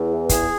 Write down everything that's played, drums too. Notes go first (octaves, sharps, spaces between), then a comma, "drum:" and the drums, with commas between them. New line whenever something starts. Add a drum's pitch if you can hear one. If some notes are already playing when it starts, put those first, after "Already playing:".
Already playing: E2
E3
E2 G#4, drum: kick, hi-hat